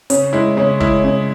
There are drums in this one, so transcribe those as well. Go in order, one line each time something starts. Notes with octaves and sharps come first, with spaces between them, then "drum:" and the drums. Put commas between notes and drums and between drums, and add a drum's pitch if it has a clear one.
C#3 C#4, drum: hi-hat
G#3 E4
C#3 C#4
G#3 E4, drum: kick
C#3